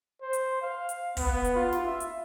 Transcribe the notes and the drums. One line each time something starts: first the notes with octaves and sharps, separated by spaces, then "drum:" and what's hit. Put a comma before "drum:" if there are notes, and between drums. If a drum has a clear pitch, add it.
C5
drum: hi-hat
F5
drum: hi-hat
B3, drum: kick, open hi-hat
drum: hi-hat
F4
drum: snare
E5
drum: hi-hat